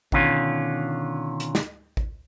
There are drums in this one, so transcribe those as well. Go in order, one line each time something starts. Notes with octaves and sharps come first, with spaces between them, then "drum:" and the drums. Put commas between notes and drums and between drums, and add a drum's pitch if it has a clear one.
B2 D3 D#3 C#4 F4, drum: kick
drum: hi-hat
drum: snare
drum: kick